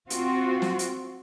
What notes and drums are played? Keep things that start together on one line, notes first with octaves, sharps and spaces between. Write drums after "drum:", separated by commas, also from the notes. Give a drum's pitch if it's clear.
C4 F4 F#4, drum: hi-hat
drum: snare
drum: hi-hat